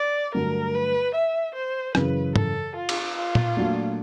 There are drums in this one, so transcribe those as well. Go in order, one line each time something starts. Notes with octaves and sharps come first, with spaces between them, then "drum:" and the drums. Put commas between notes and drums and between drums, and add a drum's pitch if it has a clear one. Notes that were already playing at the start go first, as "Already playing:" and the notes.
Already playing: D5
G2 D3 F#3 A3 A#4
B4
E5
C5
F#2 C#3 E3 B4, drum: rim click
A4, drum: tom
F4
drum: cymbal
F4
drum: tom A#2
A#2 F#3 A3 D4